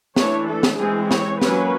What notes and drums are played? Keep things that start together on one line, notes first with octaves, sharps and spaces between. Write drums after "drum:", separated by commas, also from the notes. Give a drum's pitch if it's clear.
E3 A3 D4 C#5, drum: snare
A4
drum: snare
E3 G#3 C4 G#4
C#5, drum: snare
F#3 A#3 C#4 B4, drum: snare